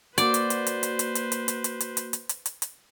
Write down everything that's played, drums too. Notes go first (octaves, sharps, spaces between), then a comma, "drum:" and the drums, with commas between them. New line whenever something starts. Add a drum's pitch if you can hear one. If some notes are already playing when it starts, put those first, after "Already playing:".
A#3 F#4 B4 C5 D5, drum: hi-hat
drum: hi-hat
drum: hi-hat
drum: hi-hat
drum: hi-hat
drum: hi-hat
drum: hi-hat
drum: hi-hat
drum: hi-hat
drum: hi-hat
drum: hi-hat
drum: hi-hat
drum: hi-hat
drum: hi-hat
drum: hi-hat
drum: hi-hat